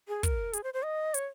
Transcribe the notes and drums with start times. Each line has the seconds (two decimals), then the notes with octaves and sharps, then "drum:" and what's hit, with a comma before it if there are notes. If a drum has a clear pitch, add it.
0.08 G#4
0.23 A#4, drum: kick, hi-hat
0.53 G#4, drum: hi-hat
0.64 C5
0.74 C5
0.84 D#5
1.14 C#5, drum: hi-hat